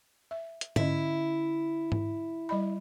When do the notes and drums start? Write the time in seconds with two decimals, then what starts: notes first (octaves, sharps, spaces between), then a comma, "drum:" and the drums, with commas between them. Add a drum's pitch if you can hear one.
0.31 E5
0.61 drum: hi-hat
0.76 D3 C#4 E4 D#5, drum: tom G#2
1.92 drum: tom G#2
2.49 G3 D#5 B5